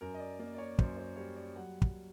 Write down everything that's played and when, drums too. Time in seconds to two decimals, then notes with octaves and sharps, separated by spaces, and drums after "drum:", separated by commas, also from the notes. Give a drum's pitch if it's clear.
0.01 F#2 A#4
0.14 D#5
0.20 D5
0.39 A#3 D5
0.55 D5
0.58 C#5
0.79 F#2 C5, drum: kick
0.97 C5
1.16 G3 C#5
1.37 D5
1.56 F#3 F#5
1.82 drum: kick